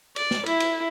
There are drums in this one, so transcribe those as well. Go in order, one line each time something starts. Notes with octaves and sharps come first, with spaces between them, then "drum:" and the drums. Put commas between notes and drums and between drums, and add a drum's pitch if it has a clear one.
D5, drum: cymbal
drum: snare
E4, drum: cymbal
drum: cymbal